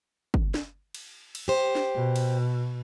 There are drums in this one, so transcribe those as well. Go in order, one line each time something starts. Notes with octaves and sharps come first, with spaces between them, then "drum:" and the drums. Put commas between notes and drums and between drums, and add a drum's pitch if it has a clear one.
drum: kick G1
drum: snare
drum: cymbal
drum: cymbal
G4 C5
drum: snare
B2
drum: cymbal